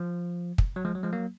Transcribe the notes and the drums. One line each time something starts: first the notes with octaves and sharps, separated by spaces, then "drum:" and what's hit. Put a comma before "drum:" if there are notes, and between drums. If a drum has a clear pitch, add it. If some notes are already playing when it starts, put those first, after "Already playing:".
Already playing: F3
drum: kick
F#3
F3 G#3
F#3
F3 G#3
F#3 A#3